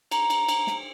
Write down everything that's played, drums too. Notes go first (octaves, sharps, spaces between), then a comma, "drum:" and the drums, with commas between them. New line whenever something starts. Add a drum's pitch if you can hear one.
A#5, drum: cymbal
drum: cymbal
drum: cymbal
drum: snare